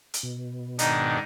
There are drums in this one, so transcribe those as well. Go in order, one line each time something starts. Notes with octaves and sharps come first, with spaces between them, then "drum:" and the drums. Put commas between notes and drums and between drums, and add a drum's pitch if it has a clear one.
drum: hi-hat
B2
G#2 D#3 D4 D#4, drum: hi-hat